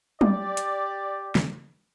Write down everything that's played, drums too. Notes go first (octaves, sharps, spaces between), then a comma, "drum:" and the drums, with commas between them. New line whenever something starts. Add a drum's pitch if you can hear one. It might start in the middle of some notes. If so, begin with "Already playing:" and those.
G4 D5, drum: tom F#3
drum: hi-hat
drum: snare